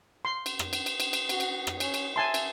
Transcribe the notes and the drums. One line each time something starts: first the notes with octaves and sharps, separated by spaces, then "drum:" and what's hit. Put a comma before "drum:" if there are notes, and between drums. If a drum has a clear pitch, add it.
C6
drum: cymbal
drum: rim click
drum: cymbal
drum: cymbal
drum: cymbal
drum: cymbal
F#4, drum: cymbal
drum: cymbal
drum: rim click
C#4, drum: cymbal
drum: cymbal
E5 G#5 A5 C6
drum: cymbal